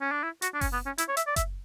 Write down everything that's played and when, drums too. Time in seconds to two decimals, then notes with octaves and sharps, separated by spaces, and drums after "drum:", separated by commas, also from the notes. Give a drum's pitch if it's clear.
0.01 C#4
0.12 D4
0.23 E4
0.42 F#4, drum: hi-hat
0.54 D4
0.61 C#4, drum: kick F#1, open hi-hat
0.73 B3
0.86 C#4
0.98 E4, drum: hi-hat
1.08 C#5
1.17 E5, drum: hi-hat
1.27 D5
1.36 E5, drum: kick F#1, hi-hat